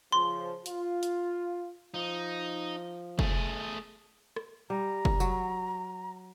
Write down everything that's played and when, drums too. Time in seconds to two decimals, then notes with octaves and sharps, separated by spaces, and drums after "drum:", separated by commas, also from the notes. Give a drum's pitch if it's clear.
0.12 C#3 F3 C6
0.66 F4, drum: hi-hat
1.03 drum: hi-hat
1.94 F3 D#4
3.19 A3 G#4, drum: kick
4.36 drum: rim click
4.70 G3 A#5
5.05 drum: kick
5.20 F#3, drum: tambourine